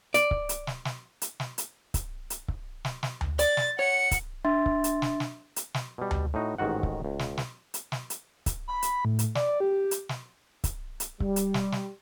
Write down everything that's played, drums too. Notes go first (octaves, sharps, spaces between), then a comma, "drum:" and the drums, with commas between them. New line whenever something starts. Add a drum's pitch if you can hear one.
D5, drum: hi-hat
drum: kick C#1
drum: hi-hat
drum: snare
drum: snare
drum: hi-hat
drum: snare
drum: hi-hat
drum: kick C#1, hi-hat
drum: hi-hat
drum: kick C#1
drum: snare
drum: snare
drum: tom D2
D5 A6, drum: hi-hat
drum: snare
C#5 F#5 C#7
drum: kick C#1, hi-hat
D4 E5 G5 C6 A6
drum: kick C#1
drum: hi-hat
drum: snare
drum: snare
drum: hi-hat
drum: snare
B2 G3
drum: tom D2
A2 D#4 F#4
A1 G#2 D#3 F#4 F#5
drum: kick C#1
C#2
drum: snare
drum: snare
drum: hi-hat
drum: snare
drum: hi-hat
drum: kick C#1, hi-hat
B5
drum: hi-hat
A2
drum: hi-hat
D5, drum: snare
G4
drum: hi-hat
drum: snare
drum: kick C#1, hi-hat
drum: hi-hat
G3, drum: kick C#1
drum: hi-hat
drum: snare
drum: snare